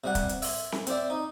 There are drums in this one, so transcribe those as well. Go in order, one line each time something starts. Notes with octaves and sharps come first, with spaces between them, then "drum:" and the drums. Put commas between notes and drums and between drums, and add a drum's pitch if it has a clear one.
C3 G3 F#5
drum: kick, hi-hat
drum: hi-hat
E5 C6, drum: open hi-hat
drum: snare C4
C4 C5 D5 E5, drum: hi-hat
D#4